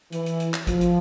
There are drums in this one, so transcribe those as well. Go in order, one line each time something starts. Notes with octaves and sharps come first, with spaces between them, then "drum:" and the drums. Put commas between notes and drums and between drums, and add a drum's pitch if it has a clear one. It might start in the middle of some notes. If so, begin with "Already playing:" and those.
E3, drum: hi-hat
drum: hi-hat
drum: hi-hat
drum: clap
F3, drum: kick G#1, hi-hat
drum: hi-hat